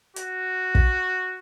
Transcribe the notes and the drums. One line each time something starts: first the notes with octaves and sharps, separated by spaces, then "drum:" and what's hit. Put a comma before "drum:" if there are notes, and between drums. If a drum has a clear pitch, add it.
F#4, drum: hi-hat
drum: kick